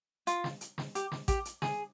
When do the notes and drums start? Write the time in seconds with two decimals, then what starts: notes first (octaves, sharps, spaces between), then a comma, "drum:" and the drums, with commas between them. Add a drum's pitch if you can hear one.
0.27 F4, drum: hi-hat
0.44 drum: snare
0.61 drum: hi-hat
0.78 drum: snare
0.95 G4, drum: hi-hat
1.12 drum: snare
1.28 G4, drum: kick A1, hi-hat
1.45 drum: hi-hat
1.62 G#4, drum: snare